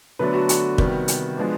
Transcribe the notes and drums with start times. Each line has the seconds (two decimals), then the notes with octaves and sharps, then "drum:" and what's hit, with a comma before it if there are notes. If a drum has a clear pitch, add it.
0.19 D3 F#3 A3 B3 D4 B4
0.34 F#4
0.49 F#4, drum: hi-hat
0.78 C3 D#3 G3 B3, drum: kick
1.08 drum: hi-hat
1.37 F3 G#3 B3 D4